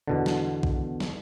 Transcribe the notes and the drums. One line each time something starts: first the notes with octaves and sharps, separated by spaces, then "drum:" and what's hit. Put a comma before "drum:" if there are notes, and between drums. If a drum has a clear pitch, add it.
E2 B2 D3
drum: snare
drum: kick B1
drum: snare